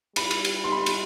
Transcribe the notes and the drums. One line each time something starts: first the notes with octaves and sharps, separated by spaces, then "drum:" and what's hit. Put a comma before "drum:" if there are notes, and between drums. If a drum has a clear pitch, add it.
G3 B5, drum: cymbal
drum: cymbal
drum: cymbal
C6
B5
drum: cymbal